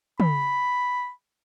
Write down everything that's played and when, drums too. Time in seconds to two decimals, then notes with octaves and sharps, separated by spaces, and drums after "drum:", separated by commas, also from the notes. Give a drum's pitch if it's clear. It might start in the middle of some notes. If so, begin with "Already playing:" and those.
0.20 B5, drum: tom